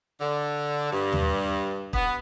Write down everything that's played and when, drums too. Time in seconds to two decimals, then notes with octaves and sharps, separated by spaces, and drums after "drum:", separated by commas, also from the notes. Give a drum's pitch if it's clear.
0.21 D3
0.92 G2
1.12 drum: tom D#2
1.93 B3, drum: kick